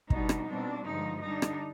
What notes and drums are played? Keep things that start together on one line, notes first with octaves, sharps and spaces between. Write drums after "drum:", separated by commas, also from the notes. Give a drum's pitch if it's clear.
B2 G3 B3 D4 D#4, drum: kick
drum: rim click
B2 G3 C4 D4
G2 D3 F3 G#3 D#4
D3 G3 D4 D#4
drum: rim click